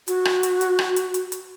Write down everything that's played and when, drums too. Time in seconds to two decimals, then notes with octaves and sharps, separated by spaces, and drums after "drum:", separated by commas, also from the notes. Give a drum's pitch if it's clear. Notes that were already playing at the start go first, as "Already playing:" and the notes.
0.08 F#4, drum: hi-hat
0.25 drum: rim click
0.43 drum: hi-hat
0.61 drum: hi-hat
0.79 drum: rim click
0.96 drum: hi-hat
1.14 drum: hi-hat
1.32 drum: hi-hat